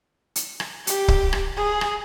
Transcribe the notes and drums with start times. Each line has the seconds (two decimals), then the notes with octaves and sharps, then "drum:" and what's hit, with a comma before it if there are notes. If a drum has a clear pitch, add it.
0.36 drum: hi-hat
0.60 drum: rim click
0.87 G4, drum: hi-hat
1.08 drum: kick C#1
1.33 drum: rim click
1.57 G#4
1.81 drum: rim click